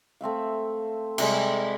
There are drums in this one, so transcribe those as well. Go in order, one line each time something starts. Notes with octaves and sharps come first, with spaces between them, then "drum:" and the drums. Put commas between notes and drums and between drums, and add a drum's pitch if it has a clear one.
A3 C4 E5 F5
C3 G3 G#3, drum: cymbal